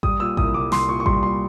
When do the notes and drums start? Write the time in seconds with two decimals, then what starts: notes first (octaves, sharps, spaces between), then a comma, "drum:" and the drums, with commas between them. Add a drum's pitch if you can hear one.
0.03 G3 D#6, drum: kick A1
0.20 A#2 E6
0.37 C2 D#6, drum: kick A1
0.54 C2 D6
0.72 C2 C6, drum: snare
0.88 A#2 C#6
1.00 C#6
1.06 G3 C6, drum: kick A1
1.23 A#2 C6